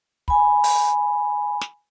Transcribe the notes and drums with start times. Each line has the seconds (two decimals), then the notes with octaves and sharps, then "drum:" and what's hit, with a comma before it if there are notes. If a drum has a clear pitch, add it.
0.28 G#5 B5, drum: kick
0.64 drum: open hi-hat
1.61 drum: snare